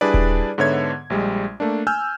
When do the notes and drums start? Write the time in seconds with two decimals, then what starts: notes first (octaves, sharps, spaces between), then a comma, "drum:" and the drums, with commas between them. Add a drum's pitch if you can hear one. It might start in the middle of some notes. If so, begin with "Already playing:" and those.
0.01 G3 D4 E4 G#4 B4 D5
0.14 drum: kick D#1
0.58 G#2 D3 B3 C#5 E5 G#6
1.10 A#1 G3 G#3
1.60 A3 A#3 D4
1.87 G#5 E6 F6 G6